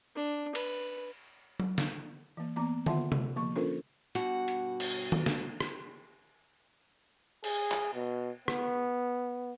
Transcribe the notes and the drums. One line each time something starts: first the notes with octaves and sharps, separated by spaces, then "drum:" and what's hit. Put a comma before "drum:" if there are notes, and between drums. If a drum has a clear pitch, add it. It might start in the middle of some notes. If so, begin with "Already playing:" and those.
D4
B4, drum: cymbal
drum: tom F#3
drum: snare
E3 A#3
E3 A#3 B3 A#5 D6
D3 F4 E5 F#5 A5 C6, drum: tom D#3
drum: tom C3
F3 A#3 C#6
C#4 D4 F4 A4 A#4 C5
G2 B2 F#4, drum: hi-hat
drum: hi-hat
drum: cymbal
drum: tom D#3
drum: snare
drum: rim click
G#4, drum: cymbal
drum: clap
B2
B3, drum: rim click